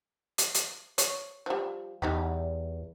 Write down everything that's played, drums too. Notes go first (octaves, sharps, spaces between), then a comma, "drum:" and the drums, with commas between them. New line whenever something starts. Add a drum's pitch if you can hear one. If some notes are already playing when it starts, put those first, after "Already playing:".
drum: hi-hat
drum: hi-hat
C#5, drum: hi-hat
F3 G3
E2 G3 D#4 G4